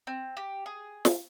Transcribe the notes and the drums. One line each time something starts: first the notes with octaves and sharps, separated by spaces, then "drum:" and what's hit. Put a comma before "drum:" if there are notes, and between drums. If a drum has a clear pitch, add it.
C4
G4
G#4
drum: snare